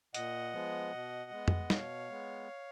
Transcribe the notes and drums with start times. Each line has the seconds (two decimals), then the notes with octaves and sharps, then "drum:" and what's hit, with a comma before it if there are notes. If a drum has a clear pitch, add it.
0.14 A#2 D#5 F#5, drum: hi-hat
0.53 F3 G#3 B3
0.92 B2
1.31 G#3 B3
1.48 drum: tom F2
1.70 B2 C#5 F5, drum: snare
2.09 G#3 B3